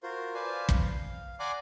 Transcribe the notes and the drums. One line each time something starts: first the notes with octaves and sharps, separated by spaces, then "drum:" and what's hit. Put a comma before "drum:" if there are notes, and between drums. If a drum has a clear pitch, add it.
F4 F#4 A#4 C5
B4 C5 D5 F5 G#5 A5
drum: kick
F5
D5 F#5 G#5 A#5 C6 D6